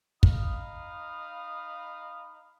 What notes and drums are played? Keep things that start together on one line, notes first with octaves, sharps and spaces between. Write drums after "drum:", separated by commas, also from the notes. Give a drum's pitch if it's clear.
D#4 F5 B5 D#6, drum: kick